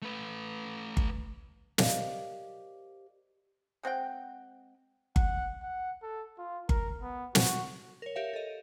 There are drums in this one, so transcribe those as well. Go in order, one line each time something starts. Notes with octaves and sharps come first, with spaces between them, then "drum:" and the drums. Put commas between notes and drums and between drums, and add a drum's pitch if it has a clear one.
A3 B4
drum: kick G1
G4 A#4 C5 D5 D#5 F5, drum: snare
G#3 C4 F#5 G5
F#5, drum: kick G1
F#5
A4
F4
A#4, drum: kick G1
B3
F#4, drum: snare
A#4 C#5
G4 A#4 C#5 E5 F5
A4 D#5